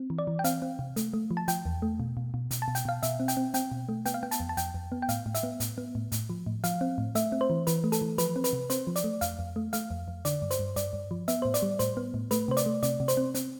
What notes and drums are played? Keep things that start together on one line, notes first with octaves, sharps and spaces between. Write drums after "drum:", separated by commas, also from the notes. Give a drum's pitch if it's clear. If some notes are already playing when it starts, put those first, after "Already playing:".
Already playing: C4
E3
D5
E3
G5
C4 F5, drum: hi-hat
C4
C3
A3, drum: hi-hat
A3
F3
A5
F3 G5, drum: hi-hat
E2
A3
B2
B2
B2
B2, drum: hi-hat
A5
B2
G5, drum: hi-hat
B2 F5
B2 E5, drum: hi-hat
C4
G5, drum: hi-hat
C4
C4 G5, drum: hi-hat
B2
A3
B3 G5, drum: hi-hat
F5
B3 G5
A5, drum: hi-hat
F2
A5
F2 G5, drum: hi-hat
F2
B3
G5
A2 F5, drum: hi-hat
A2
E5, drum: hi-hat
B3
A2, drum: hi-hat
B3
A2
A2, drum: hi-hat
F3
A2
F3 F5, drum: hi-hat
C4
A2
A3 E5, drum: hi-hat
C4
C5
E3
E3 B4, drum: hi-hat
A3
A4, drum: hi-hat
E3
F3 B4, drum: hi-hat
C4
B4, drum: hi-hat
C3
C4 C5, drum: hi-hat
F3
D5, drum: hi-hat
A3
F2 F5, drum: hi-hat
F2
A3
A3 F5, drum: hi-hat
F2
F2
D3 D5, drum: hi-hat
G2
C5, drum: hi-hat
G2
G2 D5, drum: hi-hat
G2
F3
B3 E5, drum: hi-hat
A2 C5
D5, drum: hi-hat
G3
A2 C5, drum: hi-hat
B3
A2
A3 B4, drum: hi-hat
C3 C5
D5, drum: hi-hat
A3
C3 D5, drum: hi-hat
C3
C5, drum: hi-hat
C4
C4, drum: hi-hat